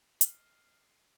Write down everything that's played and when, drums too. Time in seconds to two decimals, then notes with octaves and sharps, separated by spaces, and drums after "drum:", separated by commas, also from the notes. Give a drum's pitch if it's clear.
0.21 D#5 F6 C7, drum: hi-hat